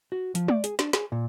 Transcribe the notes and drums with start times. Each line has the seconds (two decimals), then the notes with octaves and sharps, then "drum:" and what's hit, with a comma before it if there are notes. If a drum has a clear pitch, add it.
0.12 F#4
0.35 F3, drum: hi-hat
0.48 D5, drum: tom G#3
0.64 G#4, drum: hi-hat
0.79 D4, drum: snare
0.93 G#4, drum: snare
1.12 A#2